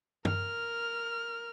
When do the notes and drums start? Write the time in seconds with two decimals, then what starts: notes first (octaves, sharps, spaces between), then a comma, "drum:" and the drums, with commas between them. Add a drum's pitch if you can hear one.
0.25 A#4 F6, drum: tom